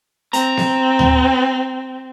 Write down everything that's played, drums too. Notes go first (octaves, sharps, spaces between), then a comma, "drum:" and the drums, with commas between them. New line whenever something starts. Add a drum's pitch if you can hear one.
C4 A#5, drum: hi-hat
drum: snare B3
drum: tom D2